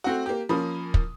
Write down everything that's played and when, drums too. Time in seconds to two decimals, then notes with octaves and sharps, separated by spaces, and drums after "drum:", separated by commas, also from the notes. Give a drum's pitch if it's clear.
0.04 A3 C4 F#4
0.26 A#3 G4
0.49 F3 A#3 C#4 B5 D#6
0.94 drum: kick